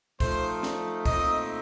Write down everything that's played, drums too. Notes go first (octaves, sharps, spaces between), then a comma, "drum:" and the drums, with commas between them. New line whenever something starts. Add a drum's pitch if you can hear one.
F3 A3 D#4 C5, drum: kick, open hi-hat
drum: snare
A#2 A3 C4 D#4 D#5, drum: kick, open hi-hat